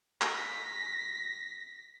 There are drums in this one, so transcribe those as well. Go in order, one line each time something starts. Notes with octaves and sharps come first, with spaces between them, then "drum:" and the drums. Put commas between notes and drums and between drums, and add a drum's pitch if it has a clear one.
A#6 B6, drum: clap